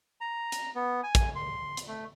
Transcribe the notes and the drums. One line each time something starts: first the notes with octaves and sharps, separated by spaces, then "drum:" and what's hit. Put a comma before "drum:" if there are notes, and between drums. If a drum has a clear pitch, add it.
A#5
drum: hi-hat
B3
G#5
drum: kick, hi-hat
C6
drum: hi-hat
A3